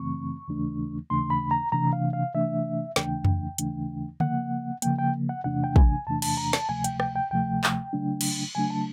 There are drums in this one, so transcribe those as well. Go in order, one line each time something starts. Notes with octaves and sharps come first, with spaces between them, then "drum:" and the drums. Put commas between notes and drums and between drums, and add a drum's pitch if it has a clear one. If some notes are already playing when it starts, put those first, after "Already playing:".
Already playing: F#2 C#3 E3 A3 C4 C#6
D#2 C#3 E3 A3 D4
D#2 C#3 E3 A3 D4 C6
B5
A#5
C3 E3 A3 D4 A#5
F5
F5
C3 E3 A3 D4 E5
D#2 C#3 E3 A3 D4 G5, drum: snare
drum: tom F2
D#2 C#3 E3 A3 D4, drum: hi-hat
C#3 F3 A#3 F#5, drum: tom D3
C#3 F3 A#3 G5, drum: hi-hat
G5
F#5
E2 C3 E3 A3 D4 F#5
G5
G#5, drum: kick
E2 C3 E3 A3 D4 A5
A5, drum: cymbal
A#5
A5, drum: snare
D2 C3 F3 A3 G#5
G5, drum: hi-hat
G5, drum: rim click
G5
D2 C3 F3 A3 G5
drum: clap
C#3 F#3 A3 D4
drum: cymbal
C#3 F#3 A3 D4 G#5
A5